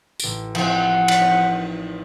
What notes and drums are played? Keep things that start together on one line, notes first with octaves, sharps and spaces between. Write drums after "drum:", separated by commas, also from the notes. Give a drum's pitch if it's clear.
A1 D7, drum: tambourine
F3 C4 E4 F#5, drum: cymbal
drum: cymbal
C4 D#4